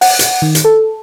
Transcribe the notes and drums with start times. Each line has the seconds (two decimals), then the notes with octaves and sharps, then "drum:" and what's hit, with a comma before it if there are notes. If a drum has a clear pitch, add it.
0.01 F#5, drum: open hi-hat
0.19 drum: hi-hat
0.42 D#3
0.55 drum: hi-hat
0.65 A4